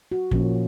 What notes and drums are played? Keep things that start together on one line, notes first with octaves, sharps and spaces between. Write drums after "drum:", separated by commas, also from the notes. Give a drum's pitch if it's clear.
F#4
A#2 F3 A#3 C#4, drum: kick